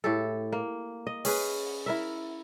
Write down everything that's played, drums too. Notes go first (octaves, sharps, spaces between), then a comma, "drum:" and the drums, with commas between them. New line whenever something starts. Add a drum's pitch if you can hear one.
A2 G4 A4
A#3
D#5
C#4 G#4 B4, drum: open hi-hat
E4 A#4 E5